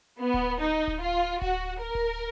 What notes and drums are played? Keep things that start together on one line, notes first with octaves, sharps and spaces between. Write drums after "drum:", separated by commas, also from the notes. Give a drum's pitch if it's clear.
B3
drum: kick D1
D#4
drum: kick D1
F4
F#4, drum: kick D1
A#4
drum: kick D1